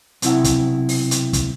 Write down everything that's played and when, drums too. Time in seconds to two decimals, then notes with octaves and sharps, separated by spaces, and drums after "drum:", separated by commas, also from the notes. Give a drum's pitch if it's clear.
0.22 B1 C3 E4 F#5, drum: hi-hat
0.44 drum: kick, hi-hat
0.89 drum: open hi-hat
1.11 drum: hi-hat
1.33 drum: kick, hi-hat